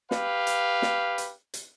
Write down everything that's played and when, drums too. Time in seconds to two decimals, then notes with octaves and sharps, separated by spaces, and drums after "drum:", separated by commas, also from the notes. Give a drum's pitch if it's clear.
0.11 G4 B4 F5, drum: snare
0.47 drum: hi-hat
0.82 drum: snare
1.18 drum: hi-hat
1.54 drum: hi-hat